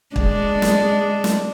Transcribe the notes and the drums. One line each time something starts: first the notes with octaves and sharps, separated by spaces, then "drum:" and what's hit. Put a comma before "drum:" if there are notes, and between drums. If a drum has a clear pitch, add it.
G#3 D4, drum: kick
drum: snare
drum: snare